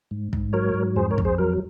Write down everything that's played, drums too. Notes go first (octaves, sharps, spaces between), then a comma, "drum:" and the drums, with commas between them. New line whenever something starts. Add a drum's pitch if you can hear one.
G#2
G#2, drum: kick
F#3 A#4 C#5
G#2
F2 G#4 C5
A#4 C#5
F2, drum: kick
G#4 C5
F#3 A#4